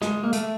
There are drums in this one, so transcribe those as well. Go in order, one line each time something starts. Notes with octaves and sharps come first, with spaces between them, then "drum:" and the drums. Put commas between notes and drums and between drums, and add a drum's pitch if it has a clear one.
G#3, drum: snare
A#3
A3, drum: hi-hat